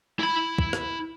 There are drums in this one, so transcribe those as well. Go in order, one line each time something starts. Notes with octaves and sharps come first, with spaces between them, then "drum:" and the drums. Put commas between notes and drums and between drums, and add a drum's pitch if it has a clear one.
E4 B5
drum: kick
drum: rim click